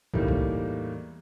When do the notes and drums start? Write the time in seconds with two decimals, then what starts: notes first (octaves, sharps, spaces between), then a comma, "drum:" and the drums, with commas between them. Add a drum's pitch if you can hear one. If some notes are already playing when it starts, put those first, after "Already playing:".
0.14 E2 A2 G3 A#3 D#4, drum: kick
0.28 drum: kick